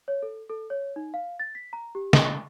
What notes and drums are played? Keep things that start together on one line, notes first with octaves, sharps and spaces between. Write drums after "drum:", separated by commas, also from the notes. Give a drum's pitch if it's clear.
C#5
A4
A4
C#5
D#4
F5
A6
B6
A#5
G4
D#5, drum: snare
C#6